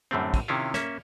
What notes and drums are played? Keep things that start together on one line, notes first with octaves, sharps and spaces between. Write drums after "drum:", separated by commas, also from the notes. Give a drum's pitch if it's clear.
F#2 A2 D3 G3 A3 C4
drum: kick, cymbal
C3 D#3 C#4 E4 F4
A#3 C#4 E5, drum: snare